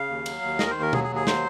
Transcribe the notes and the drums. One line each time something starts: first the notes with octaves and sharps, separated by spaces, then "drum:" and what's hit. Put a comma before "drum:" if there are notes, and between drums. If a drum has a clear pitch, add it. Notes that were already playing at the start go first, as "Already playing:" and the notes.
Already playing: C#3 F5
D#2
F#3, drum: cymbal
D#2
D#3 D#5, drum: snare
A#4
C5
D#2
A#4
F#3 G#4, drum: tom B2
G#4
D#2
G#4
F#3 C5, drum: snare